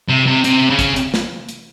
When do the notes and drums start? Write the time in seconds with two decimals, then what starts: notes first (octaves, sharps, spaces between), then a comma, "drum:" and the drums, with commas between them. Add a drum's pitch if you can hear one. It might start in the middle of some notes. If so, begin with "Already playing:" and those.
0.08 C3
0.26 C3
0.44 C3, drum: hi-hat
0.70 C#3
0.79 drum: kick, hi-hat
0.96 drum: hi-hat
1.14 drum: snare
1.49 drum: hi-hat